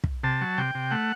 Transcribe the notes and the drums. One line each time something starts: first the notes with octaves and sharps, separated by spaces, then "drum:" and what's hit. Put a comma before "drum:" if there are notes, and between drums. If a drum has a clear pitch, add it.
drum: kick
C3 A5
F#3
C3 G5
C3
A3 F#5